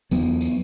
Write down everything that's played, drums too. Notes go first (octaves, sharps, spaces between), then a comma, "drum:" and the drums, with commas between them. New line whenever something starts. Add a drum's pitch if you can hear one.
E2 F#3 B3, drum: tambourine
drum: tambourine